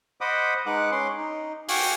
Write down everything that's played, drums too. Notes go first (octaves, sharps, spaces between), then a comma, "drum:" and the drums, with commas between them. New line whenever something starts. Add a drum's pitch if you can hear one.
C5 D#5 F#5 B5 D6 D#6
G#3 D#4 B4 F#5 D6 F#6
C#4 C6 D6
D#4
F#4 F5 G5 G#5 C#6 D6, drum: open hi-hat